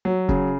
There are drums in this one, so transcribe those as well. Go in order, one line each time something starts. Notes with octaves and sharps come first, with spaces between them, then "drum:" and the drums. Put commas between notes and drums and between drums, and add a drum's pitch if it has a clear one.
F#3
C#3, drum: kick